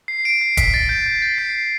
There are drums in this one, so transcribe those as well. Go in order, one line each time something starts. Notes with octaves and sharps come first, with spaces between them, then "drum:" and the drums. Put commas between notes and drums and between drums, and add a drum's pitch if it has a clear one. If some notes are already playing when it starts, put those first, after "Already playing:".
C7
D7
C7
B6, drum: kick, hi-hat
A6
G6
G6
A6
C7
C7